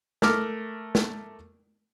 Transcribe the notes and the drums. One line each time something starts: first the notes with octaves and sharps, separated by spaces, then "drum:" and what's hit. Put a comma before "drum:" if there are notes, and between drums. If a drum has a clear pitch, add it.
A3 A#4 D6 F6, drum: snare
drum: snare